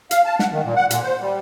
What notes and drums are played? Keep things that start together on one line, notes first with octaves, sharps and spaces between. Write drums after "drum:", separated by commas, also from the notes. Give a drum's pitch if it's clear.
F5, drum: hi-hat
A5
F#5, drum: snare
D#3
A#2
F#5
A#2, drum: hi-hat
C5
G3